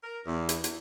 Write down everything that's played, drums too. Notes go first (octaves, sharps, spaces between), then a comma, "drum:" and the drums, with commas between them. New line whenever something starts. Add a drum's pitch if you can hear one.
A#4
E2
drum: hi-hat
drum: hi-hat